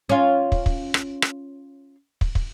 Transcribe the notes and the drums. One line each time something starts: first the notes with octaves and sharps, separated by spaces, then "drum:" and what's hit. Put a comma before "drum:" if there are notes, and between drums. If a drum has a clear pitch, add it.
C#4 F4
drum: kick
drum: kick
drum: rim click
drum: rim click
drum: kick
drum: kick